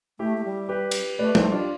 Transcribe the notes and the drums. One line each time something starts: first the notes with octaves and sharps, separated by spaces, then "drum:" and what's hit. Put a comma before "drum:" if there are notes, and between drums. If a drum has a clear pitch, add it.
A3 E4 G4
A3
G3
G4 B4
drum: cymbal
A3 B4 D5
A3 A4 C5, drum: tom G3
G3 D4 F4